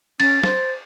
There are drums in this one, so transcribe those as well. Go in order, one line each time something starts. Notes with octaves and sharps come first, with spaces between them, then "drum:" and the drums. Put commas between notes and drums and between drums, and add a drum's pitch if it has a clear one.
C#4 A6, drum: cymbal
C5, drum: snare